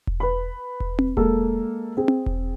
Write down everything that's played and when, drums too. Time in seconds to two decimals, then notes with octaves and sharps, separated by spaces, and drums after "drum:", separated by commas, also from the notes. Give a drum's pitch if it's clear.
0.07 drum: kick E1
0.20 B4 B5
0.80 drum: kick E1
0.99 drum: tom C4
1.17 G#3 A#3 A4, drum: kick E1
1.97 C4 G#4
2.08 drum: tom C4
2.26 drum: kick E1